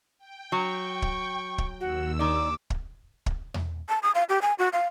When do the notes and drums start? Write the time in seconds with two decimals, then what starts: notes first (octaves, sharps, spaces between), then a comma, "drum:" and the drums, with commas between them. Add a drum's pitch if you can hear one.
0.18 G5
0.52 F#3 C#6
1.02 drum: kick
1.58 drum: kick
1.80 D#2 F#4 E6
2.19 D#3 D5 D6
2.70 drum: kick
3.26 drum: kick
3.54 drum: tom E2
3.89 A5
4.03 D#6
4.15 F5
4.29 G4
4.42 G#5
4.59 F#4
4.73 F5